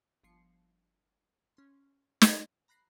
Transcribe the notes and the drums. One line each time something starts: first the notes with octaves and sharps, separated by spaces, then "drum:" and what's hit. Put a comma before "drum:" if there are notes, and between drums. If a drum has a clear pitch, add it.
G1 F3 C7 C#7
C#4 C6
drum: snare
A#5 B5 F#6 A#6 C7